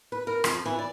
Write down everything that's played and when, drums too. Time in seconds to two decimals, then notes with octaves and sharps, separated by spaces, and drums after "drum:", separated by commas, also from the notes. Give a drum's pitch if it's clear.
0.12 B4
0.27 A#4
0.44 F2, drum: rim click
0.66 E3
0.79 D5